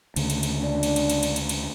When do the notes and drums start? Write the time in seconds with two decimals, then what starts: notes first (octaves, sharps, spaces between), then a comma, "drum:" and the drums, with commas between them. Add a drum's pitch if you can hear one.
0.16 D2 C#3, drum: cymbal
0.30 drum: cymbal
0.43 drum: cymbal
0.60 D4
0.83 drum: cymbal
0.96 drum: cymbal
1.09 drum: cymbal
1.23 drum: cymbal
1.36 drum: cymbal
1.49 drum: cymbal